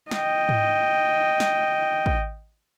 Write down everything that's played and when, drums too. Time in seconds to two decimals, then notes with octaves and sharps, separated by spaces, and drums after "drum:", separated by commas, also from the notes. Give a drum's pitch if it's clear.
0.11 D#5 G5, drum: snare
0.49 drum: tom G#2
1.40 drum: snare
2.06 drum: kick